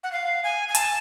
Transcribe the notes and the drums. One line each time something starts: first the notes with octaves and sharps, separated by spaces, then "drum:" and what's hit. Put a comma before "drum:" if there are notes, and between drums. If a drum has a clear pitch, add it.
F#5
F5
G#5
G#5
A5, drum: hi-hat